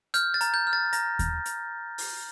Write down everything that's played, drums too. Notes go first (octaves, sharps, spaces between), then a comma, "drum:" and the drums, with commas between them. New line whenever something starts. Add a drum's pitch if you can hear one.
F6 G6, drum: hi-hat
A6
A#5, drum: hi-hat
G6
F6
A6
A#5 A#6, drum: hi-hat
drum: kick D#2, hi-hat
drum: hi-hat
drum: open hi-hat